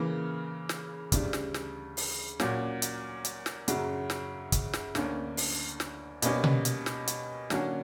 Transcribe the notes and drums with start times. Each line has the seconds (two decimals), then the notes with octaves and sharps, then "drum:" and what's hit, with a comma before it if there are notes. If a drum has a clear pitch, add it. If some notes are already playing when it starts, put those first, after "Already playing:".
Already playing: C#3 E3 A#3
0.69 drum: snare
1.12 D2 C#3 G3, drum: kick, hi-hat
1.33 drum: snare
1.54 drum: snare
1.97 drum: open hi-hat
2.40 A#2 F#3 A#3 C#4, drum: snare
2.82 drum: hi-hat
3.25 drum: hi-hat
3.46 drum: snare
3.68 F#2 C#3 F#3, drum: hi-hat
4.10 drum: snare
4.52 drum: kick, hi-hat
4.73 drum: snare
4.95 D2 D3 A#3 C#4, drum: snare
5.37 drum: open hi-hat
5.80 drum: snare
6.22 B2 G3 A#3 C#4 G4, drum: hi-hat
6.44 drum: tom B2
6.65 drum: hi-hat
6.86 drum: snare
7.07 drum: hi-hat
7.50 D3 F#3 A#3 C#4, drum: snare